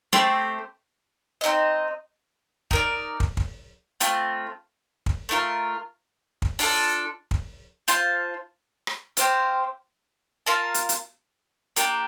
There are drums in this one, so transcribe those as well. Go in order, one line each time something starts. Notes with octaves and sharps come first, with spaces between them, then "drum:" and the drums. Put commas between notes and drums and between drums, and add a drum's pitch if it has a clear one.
A3 C4 G4 C5, drum: snare
C4 D#4 A#4 D#5
D#4 A#4 D5, drum: kick
drum: kick
drum: kick
A3 C4 F4, drum: hi-hat
drum: kick
A3 D4 F4 A#4
drum: kick
D4 F4 A4, drum: open hi-hat
drum: kick
F4 C5 F5 A5, drum: hi-hat
drum: rim click
C4 G4 C5 F5, drum: hi-hat
F4 A#4 F5 A5
drum: hi-hat
drum: hi-hat
A#3 D4 G4, drum: hi-hat